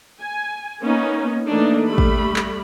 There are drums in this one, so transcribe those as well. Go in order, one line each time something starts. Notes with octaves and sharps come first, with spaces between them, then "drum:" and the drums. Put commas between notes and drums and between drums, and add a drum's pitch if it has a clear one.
G#5
A#3 B3 C#4 D#4
E3 A3 A#3 D4 D#4
G3 A3 B5
drum: kick
drum: clap